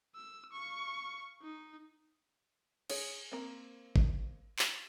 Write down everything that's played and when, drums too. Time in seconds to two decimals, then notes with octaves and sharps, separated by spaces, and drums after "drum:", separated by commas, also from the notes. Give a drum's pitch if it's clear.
0.15 E6
0.53 F5 C#6
1.42 D#4
2.90 G#4 C#5, drum: cymbal
3.32 A#3 C4
3.96 drum: kick G#1
4.59 drum: clap